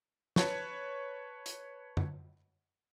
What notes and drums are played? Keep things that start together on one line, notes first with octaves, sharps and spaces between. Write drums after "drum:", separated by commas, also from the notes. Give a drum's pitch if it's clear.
B4 C#5 A5 C#6, drum: snare
drum: hi-hat
drum: tom F#2